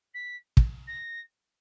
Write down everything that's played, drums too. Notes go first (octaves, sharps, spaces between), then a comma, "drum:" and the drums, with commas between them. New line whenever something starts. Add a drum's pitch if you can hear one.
B6
drum: kick
A#6